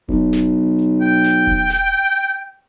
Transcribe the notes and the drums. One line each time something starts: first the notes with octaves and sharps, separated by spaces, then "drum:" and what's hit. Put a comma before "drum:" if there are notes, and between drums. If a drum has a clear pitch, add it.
B1, drum: kick E1
drum: snare
drum: hi-hat
G5
drum: snare
drum: kick E1
drum: snare
drum: hi-hat